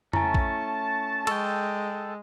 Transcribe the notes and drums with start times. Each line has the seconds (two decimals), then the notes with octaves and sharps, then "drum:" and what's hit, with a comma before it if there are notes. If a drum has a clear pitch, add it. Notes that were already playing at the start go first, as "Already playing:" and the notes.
0.13 A3 C#4 E4 G#5 A5, drum: tom F2
0.34 drum: kick
1.27 G#3 A4 G5 C#6, drum: cymbal